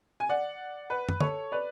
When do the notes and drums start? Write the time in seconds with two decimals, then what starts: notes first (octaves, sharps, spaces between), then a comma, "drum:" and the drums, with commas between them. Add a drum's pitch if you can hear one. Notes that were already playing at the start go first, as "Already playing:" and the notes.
0.20 G#5
0.29 D5 F#5
0.90 B4
1.09 drum: tom
1.20 A4 C#5, drum: tom
1.52 B4 D5